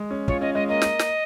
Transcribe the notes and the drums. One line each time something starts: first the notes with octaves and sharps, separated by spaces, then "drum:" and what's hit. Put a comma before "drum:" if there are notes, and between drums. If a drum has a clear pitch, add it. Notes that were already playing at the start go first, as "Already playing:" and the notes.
Already playing: G#3
C#4
F4 C#5, drum: kick
C#4 D#5
G#3 D#5
A#3 D#5
drum: snare
drum: snare